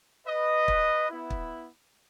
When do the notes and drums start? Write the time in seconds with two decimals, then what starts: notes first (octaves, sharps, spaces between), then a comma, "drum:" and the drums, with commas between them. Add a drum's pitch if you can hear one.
0.26 B4 D#5
0.68 drum: kick
1.09 B3 E4
1.30 drum: kick